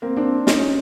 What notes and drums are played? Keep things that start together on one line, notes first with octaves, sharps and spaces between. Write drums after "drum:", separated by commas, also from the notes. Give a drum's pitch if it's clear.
A#3 C4
C4 D4
C#4 D#4, drum: snare